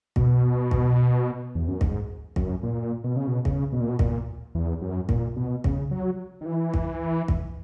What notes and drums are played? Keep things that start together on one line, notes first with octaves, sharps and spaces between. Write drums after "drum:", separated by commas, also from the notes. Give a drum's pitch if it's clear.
B2, drum: kick
drum: kick
E2
F#2
G#2, drum: kick
F#2, drum: kick
A#2
B2
C#3
B2
C#3, drum: kick
B2
A#2
B2
A#2, drum: kick
E2
F#2
A#2, drum: kick
B2
C#3, drum: kick
F#3
D#3
E3
drum: kick
drum: kick